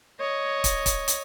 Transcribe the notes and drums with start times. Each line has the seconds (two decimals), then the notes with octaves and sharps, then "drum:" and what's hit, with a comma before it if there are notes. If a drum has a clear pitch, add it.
0.20 C#5 D#5
0.64 drum: kick, hi-hat
0.86 drum: kick, hi-hat
1.08 drum: hi-hat